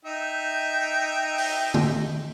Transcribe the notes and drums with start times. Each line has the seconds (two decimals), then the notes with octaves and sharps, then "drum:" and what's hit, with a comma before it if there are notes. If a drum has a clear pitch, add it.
0.05 D#4 E5 G5
1.38 drum: open hi-hat
1.74 drum: tom